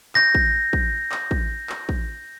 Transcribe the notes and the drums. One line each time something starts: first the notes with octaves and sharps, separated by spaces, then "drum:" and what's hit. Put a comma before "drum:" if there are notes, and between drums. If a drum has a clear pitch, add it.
G6 A#6, drum: clap
drum: kick
drum: kick
drum: clap
drum: kick
drum: clap
drum: kick